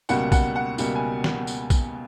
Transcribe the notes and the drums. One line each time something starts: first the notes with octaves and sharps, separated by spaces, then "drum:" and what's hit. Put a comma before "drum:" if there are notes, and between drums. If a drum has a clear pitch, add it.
C#2 B2 G3 A#3 F#5, drum: tambourine
F#5, drum: kick, tambourine
F#5
C#2 B2 G3 A#3, drum: tambourine
G#5
drum: snare
drum: tambourine
drum: kick, tambourine